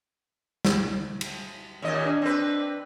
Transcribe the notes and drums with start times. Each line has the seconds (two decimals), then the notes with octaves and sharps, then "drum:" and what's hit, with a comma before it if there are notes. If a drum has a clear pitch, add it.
0.65 drum: snare
1.21 drum: cymbal
1.82 D#2 A#2 D#5
2.05 D4
2.22 C4 B4